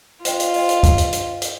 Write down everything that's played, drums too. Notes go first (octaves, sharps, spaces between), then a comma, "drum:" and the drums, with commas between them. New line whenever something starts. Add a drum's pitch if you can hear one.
F4 C5 D#5 G5, drum: hi-hat
drum: hi-hat
C5 D#5 G5, drum: open hi-hat
drum: hi-hat
drum: kick, hi-hat
drum: hi-hat
drum: hi-hat
drum: hi-hat